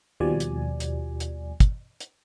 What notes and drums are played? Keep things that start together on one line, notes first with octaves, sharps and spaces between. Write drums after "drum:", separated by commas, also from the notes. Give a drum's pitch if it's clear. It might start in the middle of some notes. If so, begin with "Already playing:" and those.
D#2 B2 F3 G3 D5 G#5
drum: hi-hat
drum: hi-hat
drum: hi-hat
drum: kick, hi-hat
drum: hi-hat